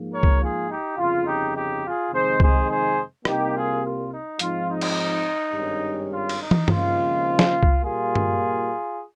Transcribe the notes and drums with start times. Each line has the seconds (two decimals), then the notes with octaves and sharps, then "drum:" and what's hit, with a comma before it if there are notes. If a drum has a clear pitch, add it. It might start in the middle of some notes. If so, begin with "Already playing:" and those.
Already playing: G#2 F3 A#3
0.11 A#4 C#5
0.23 drum: kick C2
0.40 F4 G#4
0.69 D#4 G4
0.97 G1 F2 C#3 F4
1.25 D#4 G4
1.54 D#4 G4
1.83 F4 G#4
2.11 F2 C3 D#3 G#3 D#4 G#4 C5
2.40 G#4 C5, drum: kick C2
2.68 G#4 C5
3.25 C2 C3 G3 A#3 D#4 G4, drum: rim click
3.54 F4 G#4
3.83 F4
4.11 D#4
4.39 G#2 F3 C4 D#4 F4, drum: hi-hat
4.68 D#4
4.81 drum: cymbal
5.54 G#1 G2 G3 C#4
6.11 F4
6.29 drum: cymbal
6.39 D#4
6.51 drum: tom
6.68 D#2 C#3 F3 G#3 C4 F4, drum: tom G2
7.39 drum: snare
7.63 drum: kick C2
7.81 A#2 G3 A#3 F4 G#4
8.15 drum: tom G2